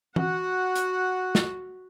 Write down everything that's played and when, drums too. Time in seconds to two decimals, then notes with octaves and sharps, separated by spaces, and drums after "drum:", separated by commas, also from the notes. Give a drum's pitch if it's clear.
0.16 F#4 F#5, drum: tom E3
0.76 drum: hi-hat
1.35 drum: snare